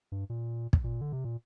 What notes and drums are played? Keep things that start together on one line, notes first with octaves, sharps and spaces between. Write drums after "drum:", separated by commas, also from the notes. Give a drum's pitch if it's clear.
G2
A#2
drum: kick
A#2
D3
C3
A#2